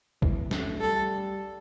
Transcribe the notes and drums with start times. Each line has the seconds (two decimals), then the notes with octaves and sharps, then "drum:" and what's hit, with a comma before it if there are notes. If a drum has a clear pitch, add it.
0.22 E3, drum: kick
0.51 A3, drum: snare
0.80 G3 A4